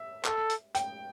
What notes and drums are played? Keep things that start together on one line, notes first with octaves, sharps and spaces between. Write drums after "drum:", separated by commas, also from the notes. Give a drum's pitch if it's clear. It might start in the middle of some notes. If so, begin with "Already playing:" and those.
Already playing: E5
A4, drum: clap
drum: hi-hat
G5, drum: hi-hat